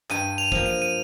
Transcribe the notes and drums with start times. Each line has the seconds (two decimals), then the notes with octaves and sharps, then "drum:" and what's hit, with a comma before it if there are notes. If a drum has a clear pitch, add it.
0.10 G2 D#7, drum: clap
0.38 F7
0.52 F3 A#3, drum: kick
0.66 D#7
0.82 D#7